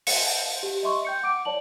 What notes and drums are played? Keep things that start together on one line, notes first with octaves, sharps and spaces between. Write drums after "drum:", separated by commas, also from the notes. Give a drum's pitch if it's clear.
C#7, drum: open hi-hat
G4
D#5 E5 C6 C#6
G5 G6 C#7
F#5 D6 D7
C#5 D5 A5 F#7